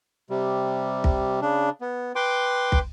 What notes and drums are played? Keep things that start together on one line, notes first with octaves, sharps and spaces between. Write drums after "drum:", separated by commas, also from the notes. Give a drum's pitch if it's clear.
C3 G3
drum: kick
C#3 D4
B3
B4 G5 C6 D6
drum: kick